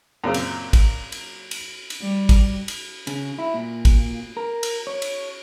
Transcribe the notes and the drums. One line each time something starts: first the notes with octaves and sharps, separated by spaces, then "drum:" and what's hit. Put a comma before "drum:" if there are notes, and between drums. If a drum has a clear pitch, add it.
F#2 A#2 C#3 C4
drum: cymbal
drum: kick, cymbal
drum: cymbal
drum: cymbal
drum: cymbal
G3
drum: kick, cymbal
drum: cymbal
C#3, drum: cymbal
E4
A#2
drum: kick, cymbal
A#4
drum: cymbal
C#5
drum: cymbal